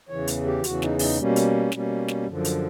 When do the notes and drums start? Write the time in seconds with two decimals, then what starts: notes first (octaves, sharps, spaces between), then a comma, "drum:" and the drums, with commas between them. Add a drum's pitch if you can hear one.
0.09 E2 C#3 E3 C#5
0.27 drum: hi-hat
0.45 G4
0.64 E2 C#3 E3 F#4, drum: hi-hat
0.82 D#4, drum: snare
0.99 D#4, drum: open hi-hat
1.18 B2 G3 A#3 C#4
1.36 drum: hi-hat
1.72 B2 G3 A#3 C#4, drum: snare
2.08 drum: snare
2.27 F#2 D3 F3
2.45 drum: hi-hat